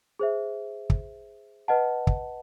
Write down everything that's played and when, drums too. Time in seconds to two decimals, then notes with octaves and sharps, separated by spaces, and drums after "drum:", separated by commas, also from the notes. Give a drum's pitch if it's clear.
0.19 G#4 C5 E5
0.90 drum: kick
1.68 B4 D#5 F#5 A5
2.07 drum: kick